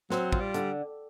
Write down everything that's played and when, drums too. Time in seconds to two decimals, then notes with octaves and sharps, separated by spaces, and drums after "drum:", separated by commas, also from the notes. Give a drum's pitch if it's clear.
0.10 F#3 C4, drum: snare
0.32 F4, drum: kick
0.40 G3
0.54 D3, drum: hi-hat